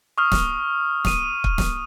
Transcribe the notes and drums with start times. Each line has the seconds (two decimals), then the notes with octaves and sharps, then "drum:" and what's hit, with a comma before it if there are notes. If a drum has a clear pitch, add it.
0.18 C#6 D#6 F6
0.32 drum: snare
1.05 D#6 D#7, drum: snare
1.44 drum: kick
1.58 drum: snare